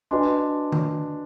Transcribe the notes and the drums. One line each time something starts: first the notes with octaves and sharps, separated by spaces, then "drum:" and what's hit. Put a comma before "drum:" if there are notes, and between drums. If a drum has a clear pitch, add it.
D4 F#4 B4 D#5 G#5 C6
drum: tom D#3